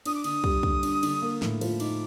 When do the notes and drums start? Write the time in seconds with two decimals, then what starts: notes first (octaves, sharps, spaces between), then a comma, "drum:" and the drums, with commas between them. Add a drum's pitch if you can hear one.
0.06 D4 D#6, drum: cymbal
0.15 D6
0.24 D3 D#6, drum: cymbal
0.44 G3, drum: kick
0.63 D3, drum: kick
0.83 D4, drum: cymbal
1.03 D3, drum: cymbal
1.22 A#3
1.42 A2, drum: snare
1.61 F3, drum: cymbal
1.80 D#4 D6, drum: cymbal